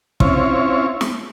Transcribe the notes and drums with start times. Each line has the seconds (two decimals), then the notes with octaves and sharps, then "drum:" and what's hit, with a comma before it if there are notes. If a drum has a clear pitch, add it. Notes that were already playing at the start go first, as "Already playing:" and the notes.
0.20 C4 C#4 E4 F4 C#5, drum: kick
1.01 drum: snare